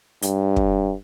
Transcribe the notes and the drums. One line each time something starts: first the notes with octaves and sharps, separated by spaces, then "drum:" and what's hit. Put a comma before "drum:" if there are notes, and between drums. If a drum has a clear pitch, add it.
G2, drum: hi-hat
drum: kick